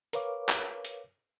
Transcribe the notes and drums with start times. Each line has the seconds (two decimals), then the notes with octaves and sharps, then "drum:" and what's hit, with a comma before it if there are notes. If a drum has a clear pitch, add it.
0.13 A#4 B4 C#5 F5 D6, drum: hi-hat
0.49 drum: clap
0.85 drum: hi-hat